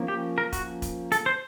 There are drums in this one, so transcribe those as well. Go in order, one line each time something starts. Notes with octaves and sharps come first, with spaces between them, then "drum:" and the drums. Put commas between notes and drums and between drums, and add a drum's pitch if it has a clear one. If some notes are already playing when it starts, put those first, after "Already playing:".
Already playing: F3 A#3 C#4
G4
A#4
F#4, drum: kick E1, hi-hat
drum: kick E1, hi-hat
A4, drum: hi-hat
C5